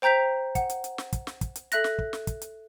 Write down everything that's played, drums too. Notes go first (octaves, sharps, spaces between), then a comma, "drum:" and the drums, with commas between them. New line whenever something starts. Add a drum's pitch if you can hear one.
C5 G5 A#5 G6 B6 F7
F#5, drum: kick, hi-hat
drum: hi-hat
drum: hi-hat
drum: snare
drum: kick, hi-hat
drum: snare
drum: kick, hi-hat
drum: hi-hat
A4 E5 F#6 A#6, drum: hi-hat
drum: snare
drum: kick
drum: snare
drum: kick, hi-hat
drum: hi-hat